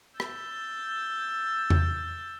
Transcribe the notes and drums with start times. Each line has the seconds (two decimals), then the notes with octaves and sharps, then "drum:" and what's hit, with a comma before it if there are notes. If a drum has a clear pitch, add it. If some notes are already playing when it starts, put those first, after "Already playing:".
0.20 E6 G6 A6, drum: rim click
1.70 drum: tom E2